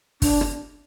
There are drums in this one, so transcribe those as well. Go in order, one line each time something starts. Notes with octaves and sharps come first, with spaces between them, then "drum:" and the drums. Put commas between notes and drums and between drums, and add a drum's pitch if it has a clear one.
D4, drum: kick, open hi-hat
drum: rim click